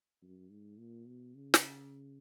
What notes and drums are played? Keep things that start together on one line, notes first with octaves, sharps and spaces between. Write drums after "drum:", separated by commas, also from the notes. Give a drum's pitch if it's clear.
F#2
G#2
A#2
B2
C#3
drum: snare